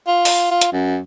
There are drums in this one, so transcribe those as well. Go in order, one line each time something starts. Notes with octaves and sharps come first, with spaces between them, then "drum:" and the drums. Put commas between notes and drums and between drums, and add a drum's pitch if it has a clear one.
F4
drum: open hi-hat
F4
drum: hi-hat
F#2